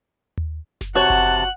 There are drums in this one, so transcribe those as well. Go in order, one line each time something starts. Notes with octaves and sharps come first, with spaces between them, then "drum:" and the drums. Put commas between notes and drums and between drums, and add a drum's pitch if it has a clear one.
drum: tom D#2
drum: snare F#1
C3 F#4 C#5 F#5 A5 F#7
drum: kick F#1